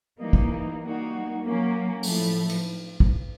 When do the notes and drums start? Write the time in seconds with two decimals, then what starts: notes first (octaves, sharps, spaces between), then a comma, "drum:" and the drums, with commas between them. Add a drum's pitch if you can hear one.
0.19 E3 G3 A#3 D#4
0.33 drum: kick
0.80 G3 A#3 D#4 F#4
1.42 F#3 A#3 C#4
2.03 A2 F3 A3, drum: open hi-hat
2.49 drum: cymbal
3.00 drum: kick